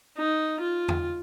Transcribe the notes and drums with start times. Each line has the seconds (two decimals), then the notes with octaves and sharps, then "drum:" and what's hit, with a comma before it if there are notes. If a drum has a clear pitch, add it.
0.18 D#4
0.61 F4
0.89 drum: tom E2